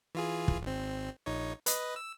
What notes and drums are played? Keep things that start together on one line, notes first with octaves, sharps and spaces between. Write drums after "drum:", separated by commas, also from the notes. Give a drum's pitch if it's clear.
E3 F4 G#4
drum: kick
G#1 C4
A#1 D#4 C#5
B4 D#5, drum: hi-hat
E6